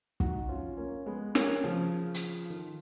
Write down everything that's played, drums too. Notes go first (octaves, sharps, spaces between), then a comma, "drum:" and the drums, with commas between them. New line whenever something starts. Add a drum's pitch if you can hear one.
D#4 F#4, drum: kick
C#4 F4
A#3 C#4
G#3 B3
A#3 C#4, drum: snare
C#3 F3
drum: hi-hat
D#3